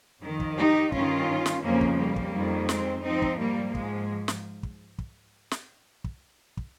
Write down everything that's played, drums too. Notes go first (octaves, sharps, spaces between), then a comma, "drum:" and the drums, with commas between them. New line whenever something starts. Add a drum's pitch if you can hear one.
F2 D#3
drum: kick
D#4 G4
G2 D#3 C#4 F4, drum: kick
drum: snare
F2 C#3 F3 A#3 C#4
drum: kick
G3 A#3
drum: kick
F2 D#3
G#3 C4, drum: snare
G#2 F3 C4 D#4
drum: kick
G3 A#3
G#2 F3 G#3, drum: kick
drum: snare
drum: kick
drum: kick
drum: snare
drum: kick
drum: kick